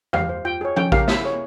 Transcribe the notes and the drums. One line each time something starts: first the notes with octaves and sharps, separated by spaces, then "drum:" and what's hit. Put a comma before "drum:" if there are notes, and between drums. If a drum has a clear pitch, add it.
G4 F5, drum: tom E2
C5
F4 G5
G#4 C#5
C#4 G5, drum: tom F3
G4 A#4 F5, drum: kick A1
E4 E5, drum: snare
G#4 C#5